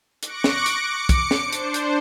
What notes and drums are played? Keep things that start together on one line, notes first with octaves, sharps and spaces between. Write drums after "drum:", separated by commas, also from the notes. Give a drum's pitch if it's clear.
C#6 D6 F#6 A#6 C#7 D7, drum: hi-hat
drum: snare
drum: hi-hat
D6 C#7
drum: kick, hi-hat
drum: snare
D4 C5
drum: hi-hat
drum: hi-hat